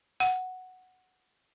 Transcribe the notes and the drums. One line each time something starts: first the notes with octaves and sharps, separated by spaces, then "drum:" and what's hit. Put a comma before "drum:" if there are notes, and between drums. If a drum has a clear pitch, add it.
F#5, drum: open hi-hat